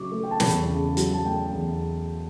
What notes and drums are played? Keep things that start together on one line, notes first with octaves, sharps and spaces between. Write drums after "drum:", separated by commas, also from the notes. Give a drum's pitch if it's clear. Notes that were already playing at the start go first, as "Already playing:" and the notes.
Already playing: C#3 F#3 C#6 D6
A3
G5
A5
E2 B5, drum: snare
C#3
F#3, drum: hi-hat
A5
A3 G5
E2